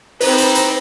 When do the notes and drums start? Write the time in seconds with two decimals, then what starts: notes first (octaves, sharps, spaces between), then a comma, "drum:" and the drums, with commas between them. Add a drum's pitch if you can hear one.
0.21 C4 D#4 B4 C5, drum: open hi-hat
0.38 drum: hi-hat
0.55 drum: hi-hat